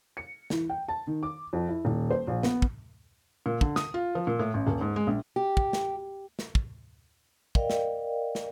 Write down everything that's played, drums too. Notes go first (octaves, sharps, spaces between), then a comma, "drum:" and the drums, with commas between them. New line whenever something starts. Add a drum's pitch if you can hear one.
C#7
E3, drum: snare
G5
A5
D#3
D6
F2
E4
D#1
C5
A#1
B3, drum: snare
drum: kick
A#2
D3, drum: kick
D#6, drum: snare
F4
F3
A#2
A2
A1
D#1
G#2
G#3
A#1
G4
drum: kick
drum: snare
drum: snare
drum: kick
A#4 D5 D#5 F5 G5, drum: kick
drum: snare
drum: snare